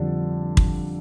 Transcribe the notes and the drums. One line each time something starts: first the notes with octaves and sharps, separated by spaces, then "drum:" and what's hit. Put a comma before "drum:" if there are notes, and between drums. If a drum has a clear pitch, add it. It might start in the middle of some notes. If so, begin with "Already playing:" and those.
Already playing: F2 D3 G3 D4 D5
drum: kick